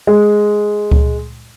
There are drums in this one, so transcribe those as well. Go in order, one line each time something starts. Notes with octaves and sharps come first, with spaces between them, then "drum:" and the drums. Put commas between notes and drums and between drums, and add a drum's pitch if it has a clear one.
G#3
drum: kick C#2